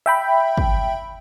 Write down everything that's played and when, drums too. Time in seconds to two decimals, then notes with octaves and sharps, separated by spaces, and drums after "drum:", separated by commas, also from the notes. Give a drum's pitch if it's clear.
0.06 E5 G5 B5
0.57 drum: kick